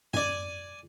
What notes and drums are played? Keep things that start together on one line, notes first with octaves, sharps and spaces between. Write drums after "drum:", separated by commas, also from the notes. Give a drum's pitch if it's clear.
D5 G#5, drum: tom F#2